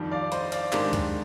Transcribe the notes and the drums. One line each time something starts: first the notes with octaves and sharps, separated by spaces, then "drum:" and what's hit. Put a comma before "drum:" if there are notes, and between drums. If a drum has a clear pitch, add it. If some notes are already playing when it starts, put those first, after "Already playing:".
Already playing: F2 D#3 G3
D5 F5
C5 D#5, drum: hi-hat
D5 F5, drum: hi-hat
G#2 D#3 G#3 D4 G4 A#4, drum: clap
drum: kick, hi-hat